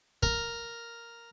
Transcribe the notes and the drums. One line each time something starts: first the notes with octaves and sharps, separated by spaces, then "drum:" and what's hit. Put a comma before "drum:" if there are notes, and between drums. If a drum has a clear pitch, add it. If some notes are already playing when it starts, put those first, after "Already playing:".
A#4, drum: kick